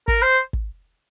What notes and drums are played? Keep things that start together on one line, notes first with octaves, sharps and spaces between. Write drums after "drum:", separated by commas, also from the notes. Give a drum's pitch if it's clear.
A#4, drum: kick
C5
drum: kick